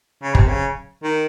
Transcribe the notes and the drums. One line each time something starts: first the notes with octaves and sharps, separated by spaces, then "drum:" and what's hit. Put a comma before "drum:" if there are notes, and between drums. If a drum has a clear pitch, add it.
C#3
C3, drum: kick
C#3
D#3